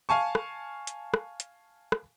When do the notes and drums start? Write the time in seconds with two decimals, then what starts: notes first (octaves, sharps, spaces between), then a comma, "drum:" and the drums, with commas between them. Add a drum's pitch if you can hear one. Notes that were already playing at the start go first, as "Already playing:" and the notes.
0.09 F5 G#5 A5 C#6
0.35 drum: rim click
0.87 drum: hi-hat
1.14 drum: rim click
1.40 drum: hi-hat
1.92 drum: rim click